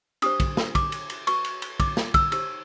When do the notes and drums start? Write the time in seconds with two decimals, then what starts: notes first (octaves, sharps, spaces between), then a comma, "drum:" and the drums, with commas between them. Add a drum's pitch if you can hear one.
0.22 D4 G4 C5 D#6, drum: cymbal
0.40 drum: kick, cymbal
0.57 drum: snare
0.75 D6, drum: kick, cymbal
0.92 drum: cymbal
1.10 drum: cymbal
1.27 F#4 B4 C#6, drum: cymbal
1.45 drum: cymbal
1.62 drum: cymbal
1.80 D6, drum: kick, cymbal
1.97 drum: snare
2.14 E6, drum: kick, cymbal
2.32 D#4 G4 C5 E6, drum: cymbal